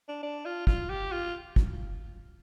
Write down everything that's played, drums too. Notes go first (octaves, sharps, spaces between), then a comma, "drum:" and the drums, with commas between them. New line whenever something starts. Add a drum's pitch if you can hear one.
D4
D4
F4
F4, drum: kick
G4
F4
drum: kick